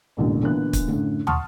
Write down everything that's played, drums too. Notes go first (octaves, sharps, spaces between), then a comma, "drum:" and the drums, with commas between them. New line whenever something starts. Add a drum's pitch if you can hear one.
E1 A1 A#2 D3
A#2 D3 E3 B3 A#4 F#6
drum: kick, hi-hat
F#2 A2 D3
F#5 A5 C6 C#6 D#6 F6, drum: tom